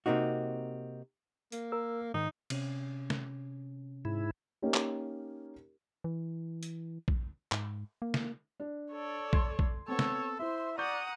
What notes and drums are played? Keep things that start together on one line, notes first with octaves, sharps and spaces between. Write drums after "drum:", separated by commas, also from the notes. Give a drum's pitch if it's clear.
C3 A#3 C4 D#4 F#4
A#3, drum: hi-hat
A#4 E6
G#2 D#3 D#4
C3 C#4, drum: cymbal
drum: snare
G#2 E4
A#3 C#4 D#4 G4 A#4
drum: clap
E3
drum: hi-hat
drum: kick A#1
G#2, drum: clap
A#3
drum: snare
D4
A4 C#5 D5
C6 G#6, drum: kick A#1
drum: kick A#1
B3 C4 A4 C#5 E6
drum: snare
E4 C5 E5 C6
D5 F#5 A#5 C#6 D#6 G6